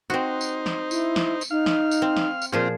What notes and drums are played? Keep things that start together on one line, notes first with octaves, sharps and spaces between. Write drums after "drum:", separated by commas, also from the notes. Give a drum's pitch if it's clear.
C4 D#4 F#4 C5
drum: tambourine
drum: snare
E4, drum: tambourine
drum: snare
drum: tambourine
D#4 F5
drum: snare
drum: tambourine
C4
drum: snare
drum: tambourine
A#2 F3 C4 F4 G#4